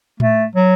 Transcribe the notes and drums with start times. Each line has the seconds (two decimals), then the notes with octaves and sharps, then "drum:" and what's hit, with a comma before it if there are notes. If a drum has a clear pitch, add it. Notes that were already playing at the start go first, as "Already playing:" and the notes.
0.20 A3, drum: tom A2
0.56 F#3